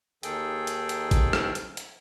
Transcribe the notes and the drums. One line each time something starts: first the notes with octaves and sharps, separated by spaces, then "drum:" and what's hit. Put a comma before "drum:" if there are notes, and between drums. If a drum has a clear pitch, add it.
D#2 D#3 G#4 A4 G5, drum: hi-hat
drum: hi-hat
drum: hi-hat
drum: kick G#1, hi-hat
drum: rim click
drum: hi-hat
drum: hi-hat